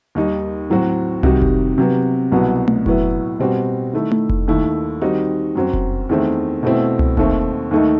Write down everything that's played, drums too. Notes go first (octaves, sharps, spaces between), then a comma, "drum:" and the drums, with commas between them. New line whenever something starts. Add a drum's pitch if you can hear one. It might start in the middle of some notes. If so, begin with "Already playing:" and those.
D#2 D#3 G3 D#4
A2 F#3 C4 F#4
C3 D#3 G3 D#4 F#4, drum: tom C2
drum: kick F1
C3 F#3 B3
C2 B2 F#3 B3
drum: tom A3
A2 F#3 B3 E4, drum: kick F1
B2 G3 C4 F#4
D#3 A3 E4
drum: tom A3
drum: kick F1
D#2 D#3 A3 E4
D#3 G3 C4 D#4 F#4
F#2 F#3 C4
drum: kick F1
E2 D#3 A3 C4
B2 A3 C4 E4
drum: tom C2
D#2 D#3 A3 C4, drum: kick F1
D#2 D#3 A3 D#4